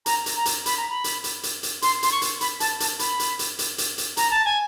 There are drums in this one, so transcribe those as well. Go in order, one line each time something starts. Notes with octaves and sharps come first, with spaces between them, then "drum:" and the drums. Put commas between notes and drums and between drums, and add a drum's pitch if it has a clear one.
A#5, drum: hi-hat
drum: hi-hat
A#5
drum: hi-hat
B5, drum: hi-hat
A#5
B5
drum: hi-hat
drum: hi-hat
drum: hi-hat
drum: hi-hat
C6, drum: hi-hat
C6, drum: hi-hat
C#6
drum: hi-hat
B5, drum: hi-hat
A5, drum: hi-hat
A5, drum: hi-hat
B5, drum: hi-hat
drum: hi-hat
drum: hi-hat
drum: hi-hat
drum: hi-hat
drum: hi-hat
A#5, drum: hi-hat
A5
G#5